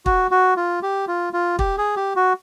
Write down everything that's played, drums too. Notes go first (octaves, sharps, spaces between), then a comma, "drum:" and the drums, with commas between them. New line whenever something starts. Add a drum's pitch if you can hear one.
F#4, drum: kick
F#4
F4
G4
F4
F4
G4, drum: kick
G#4
G4
F#4